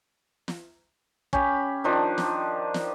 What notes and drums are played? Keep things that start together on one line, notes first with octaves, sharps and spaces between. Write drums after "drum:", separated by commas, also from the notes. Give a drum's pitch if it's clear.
drum: snare
C#4 G4 B5, drum: kick
D#3 F3 D4
drum: snare
drum: snare